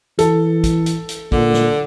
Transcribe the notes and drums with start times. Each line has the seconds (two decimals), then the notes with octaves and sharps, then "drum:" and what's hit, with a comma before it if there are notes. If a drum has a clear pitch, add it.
0.19 E3 A4, drum: hi-hat
0.64 drum: kick, hi-hat
0.86 drum: hi-hat
1.09 drum: hi-hat
1.32 A#2 D3, drum: kick
1.54 drum: snare